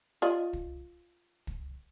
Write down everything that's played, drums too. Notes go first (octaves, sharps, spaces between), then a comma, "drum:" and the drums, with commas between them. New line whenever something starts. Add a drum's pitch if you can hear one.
F4 D5 D#5
drum: kick
drum: kick